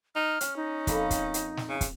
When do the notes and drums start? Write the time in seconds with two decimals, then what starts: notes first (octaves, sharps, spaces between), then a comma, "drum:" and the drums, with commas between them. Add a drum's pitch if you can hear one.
0.15 D#4 F6
0.41 C#4, drum: hi-hat
0.56 D#4
0.87 F2 A#3 B5, drum: kick, hi-hat
1.11 drum: kick, hi-hat
1.34 drum: hi-hat
1.57 drum: snare
1.68 C#3
1.81 drum: kick, hi-hat